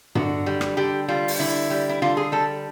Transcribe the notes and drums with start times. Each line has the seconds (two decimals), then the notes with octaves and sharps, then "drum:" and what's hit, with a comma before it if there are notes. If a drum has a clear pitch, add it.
0.15 D3 F#4, drum: tom G2
0.46 G3
0.61 drum: rim click
0.77 D3 G4
1.08 G3 F4
1.28 drum: open hi-hat
1.39 D3 E4
1.70 G3
1.89 E4
2.02 D3 F4
2.17 G#4
2.32 G3 A4